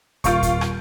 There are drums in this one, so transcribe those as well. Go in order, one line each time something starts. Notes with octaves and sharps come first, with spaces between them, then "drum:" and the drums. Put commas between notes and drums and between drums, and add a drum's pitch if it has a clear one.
D#1 F4 F5 C#6 G6 D7, drum: kick, hi-hat
drum: kick, hi-hat
drum: rim click